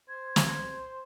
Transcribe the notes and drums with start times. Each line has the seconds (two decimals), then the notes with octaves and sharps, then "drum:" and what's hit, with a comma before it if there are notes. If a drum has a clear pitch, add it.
0.09 C5 G#6
0.36 drum: snare